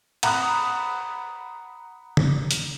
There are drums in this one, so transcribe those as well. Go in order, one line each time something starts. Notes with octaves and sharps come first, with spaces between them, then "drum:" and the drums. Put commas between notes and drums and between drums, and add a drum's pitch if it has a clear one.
F#5 A#5 B5 D#6 F#6, drum: cymbal
drum: tom
drum: hi-hat